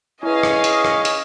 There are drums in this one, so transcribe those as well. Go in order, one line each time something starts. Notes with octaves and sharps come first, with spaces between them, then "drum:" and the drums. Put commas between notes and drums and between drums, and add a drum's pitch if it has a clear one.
C#4 E4 G#4 B4 D#5 F5
drum: rim click
drum: hi-hat
drum: rim click
drum: hi-hat